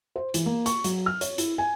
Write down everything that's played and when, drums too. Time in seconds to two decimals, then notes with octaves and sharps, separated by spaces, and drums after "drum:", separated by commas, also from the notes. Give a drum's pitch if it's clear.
0.16 C5
0.34 E3, drum: hi-hat
0.46 A#3
0.66 C#6, drum: hi-hat
0.84 F#3, drum: hi-hat
1.06 F6
1.21 C#5, drum: hi-hat
1.38 E4, drum: hi-hat
1.58 G#5